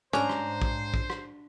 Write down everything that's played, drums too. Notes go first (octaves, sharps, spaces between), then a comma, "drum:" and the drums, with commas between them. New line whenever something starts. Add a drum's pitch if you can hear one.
G#2 C#4 D4 C5 A#5
drum: rim click
drum: kick
drum: kick
drum: rim click